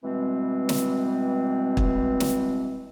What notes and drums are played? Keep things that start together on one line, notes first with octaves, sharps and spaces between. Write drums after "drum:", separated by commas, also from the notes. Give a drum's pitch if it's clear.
B2 E3 G3 G#3 C4
drum: snare
drum: kick
drum: snare